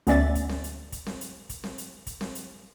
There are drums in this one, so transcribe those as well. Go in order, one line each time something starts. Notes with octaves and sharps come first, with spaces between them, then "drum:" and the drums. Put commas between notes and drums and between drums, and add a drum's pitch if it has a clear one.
D2 B3 C#4 D5 E5 A6, drum: hi-hat
drum: kick, hi-hat
drum: snare C4
drum: hi-hat
drum: kick, hi-hat
drum: snare C4
drum: hi-hat
drum: kick, hi-hat
drum: snare C4
drum: hi-hat
drum: kick, hi-hat
drum: snare C4
drum: hi-hat